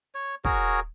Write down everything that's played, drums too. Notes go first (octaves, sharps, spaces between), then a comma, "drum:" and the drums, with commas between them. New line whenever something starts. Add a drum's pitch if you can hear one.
C#5
F#4 G#4 A#4 C#5, drum: kick